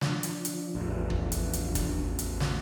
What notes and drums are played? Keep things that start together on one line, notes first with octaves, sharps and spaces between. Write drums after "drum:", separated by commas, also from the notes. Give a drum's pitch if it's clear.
F3 D4, drum: snare
drum: hi-hat
drum: hi-hat
A1 E2
drum: kick
drum: hi-hat
drum: hi-hat
drum: kick, hi-hat
drum: hi-hat
drum: snare